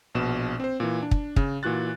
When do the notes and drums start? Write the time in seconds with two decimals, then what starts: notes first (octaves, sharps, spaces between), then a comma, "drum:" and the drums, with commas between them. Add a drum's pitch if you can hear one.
0.15 A#1 B2 E7
0.60 C4 C5
0.80 A#2 E3
1.02 D4
1.11 drum: kick
1.36 C#3, drum: kick
1.63 A#2 E3 F#4 F#6 A6